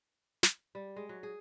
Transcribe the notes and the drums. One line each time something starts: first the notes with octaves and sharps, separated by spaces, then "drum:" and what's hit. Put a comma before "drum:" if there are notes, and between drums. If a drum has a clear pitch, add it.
drum: snare
G3
G#3
F#3
G#4